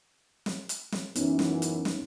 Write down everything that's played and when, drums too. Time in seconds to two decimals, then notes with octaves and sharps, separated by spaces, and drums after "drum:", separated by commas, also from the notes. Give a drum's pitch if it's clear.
0.46 drum: snare
0.69 drum: hi-hat
0.92 drum: snare
1.16 F#2 E3 B3 C#4 D#4, drum: hi-hat
1.39 drum: snare
1.62 drum: hi-hat
1.85 drum: snare